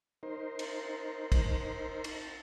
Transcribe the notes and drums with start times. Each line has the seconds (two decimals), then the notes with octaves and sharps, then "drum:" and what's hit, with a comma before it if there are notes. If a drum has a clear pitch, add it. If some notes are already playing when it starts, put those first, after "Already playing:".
0.23 D#4 A#4 C5
0.59 drum: cymbal
1.32 drum: kick, cymbal
2.04 drum: cymbal